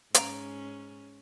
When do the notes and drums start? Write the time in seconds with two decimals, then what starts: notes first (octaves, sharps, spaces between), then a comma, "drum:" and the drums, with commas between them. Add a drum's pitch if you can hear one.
0.14 G#2 C#4 A#5 D7 F7, drum: hi-hat